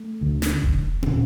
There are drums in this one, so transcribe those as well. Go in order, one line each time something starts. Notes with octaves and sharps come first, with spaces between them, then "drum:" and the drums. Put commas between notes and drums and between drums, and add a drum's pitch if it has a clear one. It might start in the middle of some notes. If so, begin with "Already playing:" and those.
Already playing: A3
D2 D3
drum: snare
drum: kick E1
D3 C#4, drum: tom A#2